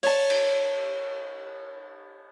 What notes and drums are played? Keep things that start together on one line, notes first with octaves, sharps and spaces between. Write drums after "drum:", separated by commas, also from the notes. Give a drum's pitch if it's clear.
C#5 A5, drum: open hi-hat
drum: cymbal